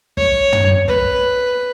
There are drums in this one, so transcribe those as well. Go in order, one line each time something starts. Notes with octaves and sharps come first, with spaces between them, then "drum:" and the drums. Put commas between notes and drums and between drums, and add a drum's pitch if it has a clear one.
C#5, drum: kick
drum: tom
B4, drum: kick